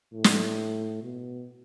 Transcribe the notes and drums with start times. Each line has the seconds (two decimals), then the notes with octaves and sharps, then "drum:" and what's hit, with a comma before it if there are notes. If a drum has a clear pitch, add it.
0.13 A2
0.24 drum: snare
1.03 B2